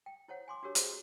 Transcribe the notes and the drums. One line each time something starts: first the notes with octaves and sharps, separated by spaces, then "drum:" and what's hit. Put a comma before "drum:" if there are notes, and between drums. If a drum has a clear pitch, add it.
G5
E4 C5 C#5 F#5
G#5 C6 D6
D4 F#4 G4 A#4 C#5
E4 F#4 G#4 C5, drum: hi-hat